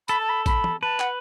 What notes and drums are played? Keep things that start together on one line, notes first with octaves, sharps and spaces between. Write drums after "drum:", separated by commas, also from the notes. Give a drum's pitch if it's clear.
A4 B5, drum: tambourine
A5
B5
B5, drum: kick, tambourine
drum: tom
B4 A5
F#5, drum: clap